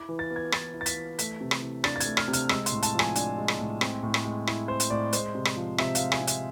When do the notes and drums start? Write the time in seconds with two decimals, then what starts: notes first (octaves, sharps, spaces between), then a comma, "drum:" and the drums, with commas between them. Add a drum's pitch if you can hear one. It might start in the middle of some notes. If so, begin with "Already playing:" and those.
Already playing: E4 D6
0.09 E3
0.19 A6
0.30 B3
0.36 G#6
0.52 E3 A6, drum: rim click
0.74 E4
0.81 A6
0.86 B6, drum: hi-hat
0.96 E3
1.19 A3 B6, drum: hi-hat
1.41 C3
1.51 drum: rim click
1.62 E3
1.84 D4 A6, drum: rim click
1.96 A6
2.00 G#6, drum: hi-hat
2.06 A3
2.17 F6, drum: rim click
2.28 C3
2.33 F6, drum: hi-hat
2.49 G#3 E6, drum: rim click
2.66 C6, drum: hi-hat
2.71 A2
2.83 A5, drum: hi-hat
2.94 F3
2.99 G#5, drum: rim click
3.15 D4 G#5, drum: hi-hat
3.38 G#3
3.48 drum: rim click
3.59 A2
3.81 C4, drum: rim click
4.03 A2
4.14 drum: rim click
4.25 G#3
4.47 E4, drum: rim click
4.68 C4 C5
4.80 drum: hi-hat
4.90 A2 D5
5.13 G#3 C5, drum: hi-hat
5.35 C3
5.45 drum: rim click
5.56 F3
5.78 C3 E5, drum: rim click
5.95 G#3 F5, drum: hi-hat
6.12 G#5, drum: rim click
6.21 C3
6.27 E5, drum: hi-hat